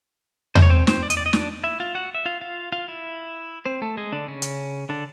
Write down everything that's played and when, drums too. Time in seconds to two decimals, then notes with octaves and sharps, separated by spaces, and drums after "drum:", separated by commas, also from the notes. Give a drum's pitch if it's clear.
0.55 C5, drum: tom E2
0.62 C#5
0.70 C4 C5
0.87 C4 C5, drum: snare
1.03 D5
1.10 D#5, drum: hi-hat
1.17 D5
1.26 D#5
1.33 D4 D5, drum: snare
1.64 E4 E5
1.80 F4 F5
1.95 F#4 F#5
2.15 E5
2.26 F4 F5
2.41 F4 F5
2.72 F4 F5
2.88 E4 E5
3.66 C4 C5
3.82 A3 A4
3.97 G#3 G#4
4.12 D3 D4
4.28 C#3 C#4
4.42 drum: hi-hat
4.89 D3 D4